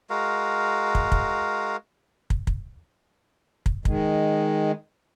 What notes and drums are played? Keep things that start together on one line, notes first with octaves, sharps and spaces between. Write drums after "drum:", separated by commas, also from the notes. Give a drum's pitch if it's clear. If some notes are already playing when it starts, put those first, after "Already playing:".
G#3 F#4 A#4 F5
drum: kick
drum: kick
drum: kick
drum: kick
drum: kick
D#3 G#3, drum: kick